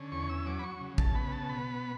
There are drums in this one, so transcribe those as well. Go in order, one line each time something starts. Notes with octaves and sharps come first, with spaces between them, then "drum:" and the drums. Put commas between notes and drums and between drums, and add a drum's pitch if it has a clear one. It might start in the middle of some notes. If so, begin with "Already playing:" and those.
Already playing: D3 C#4
E2 C#6
E6
F#3 D6
B5
C#6
C#3
A5, drum: kick
B3 B5
A5
B2 B5